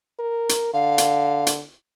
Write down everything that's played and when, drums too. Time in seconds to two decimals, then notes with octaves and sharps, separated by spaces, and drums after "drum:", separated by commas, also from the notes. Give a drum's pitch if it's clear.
0.19 A#4
0.49 drum: hi-hat
0.74 D3 F5
0.98 drum: hi-hat
1.47 drum: hi-hat